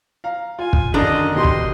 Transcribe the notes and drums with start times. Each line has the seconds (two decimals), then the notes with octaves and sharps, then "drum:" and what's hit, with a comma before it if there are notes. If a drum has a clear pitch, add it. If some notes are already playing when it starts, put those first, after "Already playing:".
0.24 F5 A#5
0.59 F4 G#5
0.73 drum: kick
0.94 F#2 D3 D#3 D4 D#5 A#5
1.34 B2 D#3 G4 D#5 C6
1.44 drum: kick